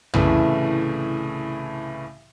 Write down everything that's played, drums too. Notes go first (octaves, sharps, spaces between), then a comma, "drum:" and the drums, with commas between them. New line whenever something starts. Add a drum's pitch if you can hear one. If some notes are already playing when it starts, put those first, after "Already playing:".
C2 A2 C#3 E3 A3, drum: tom